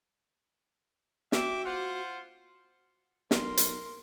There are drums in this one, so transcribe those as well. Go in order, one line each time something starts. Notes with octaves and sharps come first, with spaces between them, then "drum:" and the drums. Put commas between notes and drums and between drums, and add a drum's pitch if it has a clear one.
F#4 E5 G5 D6, drum: snare
F4 C5 F#5
B1 A#4 C6, drum: snare
drum: hi-hat